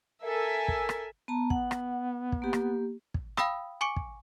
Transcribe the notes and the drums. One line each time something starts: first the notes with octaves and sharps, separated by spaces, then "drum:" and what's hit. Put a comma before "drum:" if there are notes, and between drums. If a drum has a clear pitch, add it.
A4 A#4 E5 G#5
drum: kick
drum: rim click
B3 A5 A#5
B3 F#5, drum: kick
drum: rim click
drum: kick
A#3 G4
drum: rim click
drum: kick
F5 G5 B5 D#6 E6, drum: rim click
G#5 C#6 D6 C#7 D7
drum: kick